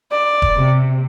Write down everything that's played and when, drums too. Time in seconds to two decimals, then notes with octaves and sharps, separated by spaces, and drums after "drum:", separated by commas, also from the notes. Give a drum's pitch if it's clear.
0.11 D5
0.42 drum: kick E1
0.56 C3